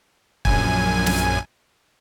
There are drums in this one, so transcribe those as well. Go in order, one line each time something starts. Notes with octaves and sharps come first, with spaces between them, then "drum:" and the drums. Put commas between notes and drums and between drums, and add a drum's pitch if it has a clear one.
A#1 F#2 G#5, drum: kick
drum: snare